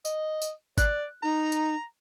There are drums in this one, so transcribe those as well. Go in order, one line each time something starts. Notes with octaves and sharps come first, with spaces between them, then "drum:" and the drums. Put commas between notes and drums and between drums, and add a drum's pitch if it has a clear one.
D#5, drum: tambourine
drum: tambourine
D5 F#6, drum: kick G#1, tambourine
D#4 A#5
drum: tambourine